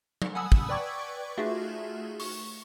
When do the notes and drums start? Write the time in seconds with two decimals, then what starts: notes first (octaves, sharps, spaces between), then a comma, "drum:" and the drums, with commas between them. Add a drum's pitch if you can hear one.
0.22 drum: tom F#3
0.35 F#5 G#5 A5 B5 D#6 E6
0.52 drum: kick
0.69 B4 D5 G5 C#6 D6 G#6
1.37 A3 D#4 F4 F#4 G#4 E5
2.20 C#6, drum: open hi-hat